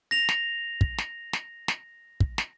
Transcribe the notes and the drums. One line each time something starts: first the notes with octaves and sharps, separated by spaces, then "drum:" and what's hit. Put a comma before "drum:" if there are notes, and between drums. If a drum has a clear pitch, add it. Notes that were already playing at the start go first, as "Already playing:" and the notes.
A#6 F7
drum: snare
drum: kick
drum: snare
drum: snare
drum: snare
drum: kick
drum: snare